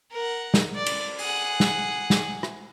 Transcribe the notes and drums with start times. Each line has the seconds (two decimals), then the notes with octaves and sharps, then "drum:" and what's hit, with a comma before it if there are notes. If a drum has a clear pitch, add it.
0.12 A#4 F#5
0.54 drum: snare
0.75 D5
0.86 drum: cymbal
1.19 G#4 F#5, drum: open hi-hat
1.60 drum: snare
2.10 drum: snare
2.43 drum: rim click